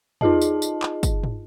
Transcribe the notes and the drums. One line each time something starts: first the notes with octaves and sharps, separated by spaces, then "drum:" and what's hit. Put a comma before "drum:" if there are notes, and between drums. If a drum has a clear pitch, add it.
D#4 F4 G#4 D#5 A5, drum: tom
drum: tambourine
drum: tambourine
drum: clap
drum: kick, tambourine
drum: tom